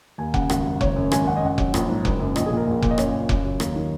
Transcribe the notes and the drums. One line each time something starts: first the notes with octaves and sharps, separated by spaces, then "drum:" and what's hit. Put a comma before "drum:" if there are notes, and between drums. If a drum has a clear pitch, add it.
D#2 G#5
C#3 F#5, drum: kick F1
G#1 F#5, drum: rim click
F#2
F#1 C#5, drum: kick F1
F#2
G#1 G#5, drum: rim click
F#2 F#5
D#5
F#2 F#5
F#3, drum: kick F1
A#1, drum: rim click
G#2
F#1, drum: kick F1
F#2
A#1 D#5, drum: rim click
G#4
A#2
A#4
A#1
A#2, drum: kick F1
D#5
F#2 C#5, drum: rim click
C#3
F#2, drum: kick F1
F#3
D#2, drum: rim click
D#3